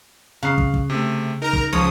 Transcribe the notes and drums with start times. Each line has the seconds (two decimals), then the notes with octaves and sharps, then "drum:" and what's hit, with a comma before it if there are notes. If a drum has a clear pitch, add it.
0.43 C#3 F5 F#6 C7
0.58 drum: kick
0.74 drum: kick
0.90 C3 A3
1.42 D#4 A#4 A#5
1.53 drum: kick
1.73 C#2 F3 C#5 D#6